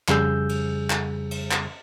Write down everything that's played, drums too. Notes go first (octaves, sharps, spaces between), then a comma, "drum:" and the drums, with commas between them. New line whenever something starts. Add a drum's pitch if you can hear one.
F2 C#3 G3 G#4 E6 G6, drum: clap
drum: cymbal
drum: clap
drum: cymbal
drum: clap